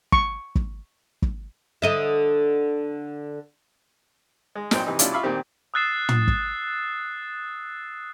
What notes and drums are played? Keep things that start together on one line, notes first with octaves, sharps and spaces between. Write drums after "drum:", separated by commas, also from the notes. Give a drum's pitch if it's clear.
C#6, drum: kick
drum: kick
drum: kick
D3 D#5 E5
G#3
G#1 A#2 F#3 C4 C5 G5, drum: snare
C3 E3 D#4
B2 G3 C#4 D4 E4 F4, drum: hi-hat
F4 E5 F5 B5 C#6 D6
A#2 D#3 C4 G4
D#6 E6 F#6 A6 C7 E7
drum: tom
drum: kick